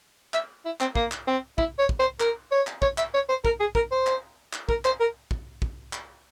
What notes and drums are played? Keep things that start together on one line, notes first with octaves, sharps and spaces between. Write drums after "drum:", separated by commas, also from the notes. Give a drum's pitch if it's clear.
E5, drum: clap
E4
C4, drum: clap
A#3, drum: kick
drum: clap
C4
E4, drum: kick
C#5
drum: kick
C5
A#4, drum: clap
C#5
drum: clap
C#5, drum: kick
E5, drum: clap
C#5
C5
A#4, drum: kick
G#4
A#4, drum: kick
C5
drum: clap
drum: clap
A#4, drum: kick
C5, drum: clap
A#4
drum: kick
drum: kick
drum: clap